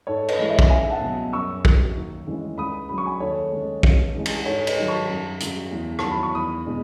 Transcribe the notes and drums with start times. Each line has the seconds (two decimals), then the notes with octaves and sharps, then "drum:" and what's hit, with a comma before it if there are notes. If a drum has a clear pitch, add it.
0.07 G#2 A4 C#5
0.28 B4 D#5, drum: cymbal
0.39 E3 G#3
0.50 C#5 E5
0.59 drum: kick
0.70 C#2 E5 G#5
0.90 F#5 A5
1.01 B2 F#3
1.33 F#2 C#6 E6
1.65 D#3 F#3, drum: kick
1.96 D#2
2.27 C#3 E3 G#3
2.58 C#2 B5 D#6
2.89 C#3 F#3 B5
2.98 C#6
3.06 G#5 B5
3.20 D#2 A4 C#5
3.52 C#3 G#3
3.83 C#2, drum: kick
4.15 C#3 E3 G#3
4.26 drum: cymbal
4.46 G#2 A4 C#5
4.67 B4 D#5, drum: cymbal
4.78 D#3 F#3
4.88 A5 C#6
5.09 F#2
5.40 C#3 F#3, drum: hi-hat
5.71 E2
5.99 D#3 F#3 A5, drum: rim click
6.11 B5
6.23 C#6
6.34 E2 B5 D#6
6.66 B2 G#3